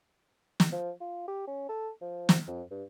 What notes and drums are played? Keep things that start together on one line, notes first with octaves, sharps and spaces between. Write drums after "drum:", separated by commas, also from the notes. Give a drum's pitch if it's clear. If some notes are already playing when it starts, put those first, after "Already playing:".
drum: snare
F3
F4
G4
C#4
A4
F3
drum: snare
F2
G2